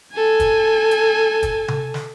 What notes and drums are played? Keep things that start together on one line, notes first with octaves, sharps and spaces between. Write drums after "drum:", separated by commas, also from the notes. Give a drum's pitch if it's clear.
A4 G#5
drum: kick, hi-hat
drum: hi-hat
drum: kick, hi-hat
drum: tom C3
drum: snare